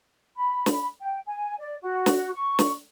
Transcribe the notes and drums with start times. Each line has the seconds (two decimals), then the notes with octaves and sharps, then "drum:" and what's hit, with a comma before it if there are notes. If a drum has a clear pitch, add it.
0.36 B5
0.66 drum: snare
1.01 G5
1.25 G#5
1.59 D5
1.81 F#4
2.06 drum: snare
2.34 C#6
2.59 drum: snare